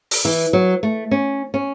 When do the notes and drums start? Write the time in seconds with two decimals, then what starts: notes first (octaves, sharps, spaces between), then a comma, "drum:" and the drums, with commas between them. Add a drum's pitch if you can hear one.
0.11 drum: open hi-hat
0.25 E3
0.53 F#3
0.83 A3
1.11 C#4
1.54 C#4